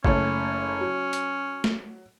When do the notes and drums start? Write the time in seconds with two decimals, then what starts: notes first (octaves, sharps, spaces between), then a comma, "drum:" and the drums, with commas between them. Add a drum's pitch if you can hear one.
0.04 F#1 A3 C#4 C#5, drum: kick G1
0.80 F#3
1.13 drum: hi-hat
1.64 drum: snare A3